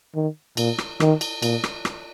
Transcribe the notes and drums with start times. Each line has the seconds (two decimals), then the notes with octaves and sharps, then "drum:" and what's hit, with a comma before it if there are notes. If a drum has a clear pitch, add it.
0.15 D#3
0.57 A#2, drum: cymbal
0.78 drum: rim click
1.00 D#3, drum: rim click
1.21 drum: cymbal
1.42 A#2, drum: cymbal
1.64 drum: rim click
1.85 drum: rim click